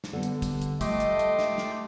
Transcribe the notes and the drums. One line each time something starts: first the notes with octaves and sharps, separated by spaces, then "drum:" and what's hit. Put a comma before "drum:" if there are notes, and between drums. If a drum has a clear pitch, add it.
drum: snare
D3 G3 B3 A4
drum: hi-hat
drum: kick, hi-hat
drum: hi-hat
F3 G3 A3 G4 D#5 C6 D6, drum: kick, hi-hat
drum: hi-hat
drum: hi-hat
drum: snare
drum: snare